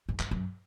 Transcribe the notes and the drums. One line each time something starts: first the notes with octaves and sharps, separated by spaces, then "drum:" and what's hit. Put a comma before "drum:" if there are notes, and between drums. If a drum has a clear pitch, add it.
G#2
G2, drum: clap
F#2